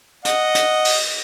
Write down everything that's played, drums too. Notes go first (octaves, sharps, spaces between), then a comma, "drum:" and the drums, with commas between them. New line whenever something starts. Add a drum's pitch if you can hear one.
D#5 F#5, drum: hi-hat
drum: hi-hat
drum: open hi-hat